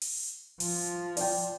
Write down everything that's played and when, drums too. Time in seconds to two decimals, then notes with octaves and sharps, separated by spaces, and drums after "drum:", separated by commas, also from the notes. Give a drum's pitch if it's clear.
0.02 drum: open hi-hat
0.60 F3, drum: open hi-hat
1.17 D5 G5, drum: open hi-hat